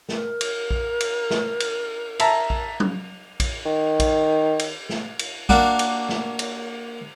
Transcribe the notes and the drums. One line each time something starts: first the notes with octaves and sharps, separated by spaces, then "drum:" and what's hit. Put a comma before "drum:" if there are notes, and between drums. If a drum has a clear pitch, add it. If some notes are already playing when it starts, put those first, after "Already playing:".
A#4, drum: snare
drum: cymbal
drum: kick A#1
drum: cymbal
drum: snare
drum: cymbal
E5 A5 A#5, drum: cymbal
drum: kick A#1
drum: tom F#3
drum: kick A#1, cymbal
D#3
drum: kick A#1, cymbal
drum: cymbal
drum: snare
drum: cymbal
A#3 D4 F#4, drum: kick A#1
drum: cymbal
drum: snare
drum: cymbal